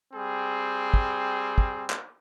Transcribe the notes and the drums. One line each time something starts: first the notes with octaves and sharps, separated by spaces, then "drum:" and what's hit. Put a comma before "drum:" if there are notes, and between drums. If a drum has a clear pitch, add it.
G3 C4 G#4
drum: kick
drum: kick
drum: clap